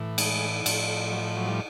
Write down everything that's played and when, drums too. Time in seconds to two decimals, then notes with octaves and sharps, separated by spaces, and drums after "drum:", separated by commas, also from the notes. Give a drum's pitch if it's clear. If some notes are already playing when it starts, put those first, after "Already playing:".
Already playing: A2 E3
0.18 G#3, drum: cymbal
0.66 A2 F3, drum: cymbal
1.12 F#3
1.37 F#3
1.48 G3